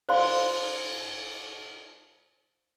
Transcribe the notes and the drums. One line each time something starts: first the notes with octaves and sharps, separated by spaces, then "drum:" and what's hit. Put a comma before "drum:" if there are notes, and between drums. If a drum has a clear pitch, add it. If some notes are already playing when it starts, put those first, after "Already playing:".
C5 D5 F5 C6, drum: cymbal